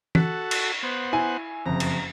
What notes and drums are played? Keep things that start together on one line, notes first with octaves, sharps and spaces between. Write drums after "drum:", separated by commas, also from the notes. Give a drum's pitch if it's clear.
F#4 A4 F#6 B6, drum: tom
drum: cymbal
B3 C5 F#5
E4 G#5
F#1 F2 A#5
drum: cymbal